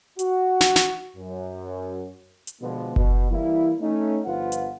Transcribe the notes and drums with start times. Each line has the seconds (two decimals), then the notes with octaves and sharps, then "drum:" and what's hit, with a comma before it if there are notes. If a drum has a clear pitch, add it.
0.19 F#4, drum: hi-hat
0.61 drum: snare
0.76 drum: snare
1.17 F#2
2.47 drum: hi-hat
2.62 B2 D3 F3 G#3 B3
2.96 B2, drum: kick F#1
3.31 E3 G3 A#3 E4
3.81 A3 C#4 D#4
4.26 G1 F3 F4 B4 F#5
4.52 drum: hi-hat